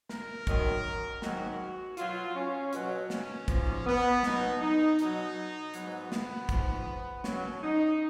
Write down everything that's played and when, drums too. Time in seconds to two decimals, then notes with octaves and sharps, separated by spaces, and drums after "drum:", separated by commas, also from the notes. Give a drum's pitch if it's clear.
0.09 A#4, drum: snare
0.47 F#2 D#3 F#3, drum: kick, hi-hat
1.22 G#2 D#3 F#3 F#4, drum: snare
1.97 B2 F#3 F4, drum: hi-hat
2.35 C#4
2.73 B2 F#3, drum: hi-hat
3.10 C#4, drum: snare
3.48 G#2 F3, drum: kick, hi-hat
3.86 B3
4.23 B2 F#3 D#4, drum: snare
4.61 D#4
4.99 B2 F#3 D#4, drum: hi-hat
5.74 G#2 F#3 B3, drum: hi-hat
6.12 drum: snare
6.49 G#2 F3, drum: kick, hi-hat
7.24 B2 F#3 C#4, drum: snare
7.62 D#4